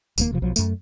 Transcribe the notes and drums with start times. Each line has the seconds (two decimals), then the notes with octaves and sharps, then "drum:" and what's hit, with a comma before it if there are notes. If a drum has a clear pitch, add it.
0.18 E1 D#2 F3 A#3, drum: tambourine
0.30 E1 C3 F3
0.42 B1 F3 F#3
0.56 F#2 A3, drum: tambourine